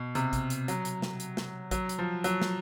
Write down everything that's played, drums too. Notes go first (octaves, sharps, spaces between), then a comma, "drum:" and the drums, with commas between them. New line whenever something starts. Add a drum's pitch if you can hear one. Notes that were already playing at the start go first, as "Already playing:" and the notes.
Already playing: B2
C3, drum: hi-hat
drum: kick A1, hi-hat
drum: hi-hat
F#3, drum: hi-hat
drum: hi-hat
drum: snare
drum: hi-hat
drum: snare
F#3, drum: kick A1, hi-hat
drum: hi-hat
F3
F#3, drum: hi-hat
drum: snare